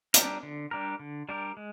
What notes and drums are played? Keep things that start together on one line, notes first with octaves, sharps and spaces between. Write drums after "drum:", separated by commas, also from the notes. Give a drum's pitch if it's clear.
G3 D4 G4 A#4, drum: hi-hat
D3
G3 D4 G4 A#4
D3
G3 D4 G4 A#4
G#3